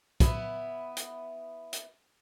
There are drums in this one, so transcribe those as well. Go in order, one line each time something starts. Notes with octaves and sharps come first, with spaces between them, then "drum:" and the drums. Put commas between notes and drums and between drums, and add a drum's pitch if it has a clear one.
B3 E4, drum: kick, hi-hat
drum: hi-hat
drum: hi-hat